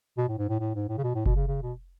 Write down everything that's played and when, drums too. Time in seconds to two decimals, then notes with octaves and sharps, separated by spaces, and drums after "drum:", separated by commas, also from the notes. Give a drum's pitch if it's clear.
0.18 B2
0.28 A2
0.38 G#2
0.49 A2
0.60 A2
0.75 G#2
0.89 A2
0.98 C#3
1.04 B2
1.15 A2
1.26 B2, drum: kick F#1
1.36 C#3
1.48 C#3
1.63 B2